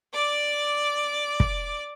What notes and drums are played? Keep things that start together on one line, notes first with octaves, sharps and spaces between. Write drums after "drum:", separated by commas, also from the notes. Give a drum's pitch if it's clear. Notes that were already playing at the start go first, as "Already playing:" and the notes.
D5 D6
drum: kick